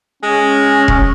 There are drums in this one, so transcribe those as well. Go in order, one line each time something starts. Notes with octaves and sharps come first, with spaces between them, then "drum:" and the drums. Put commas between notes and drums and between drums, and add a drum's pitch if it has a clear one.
G#3 C#4
drum: kick F1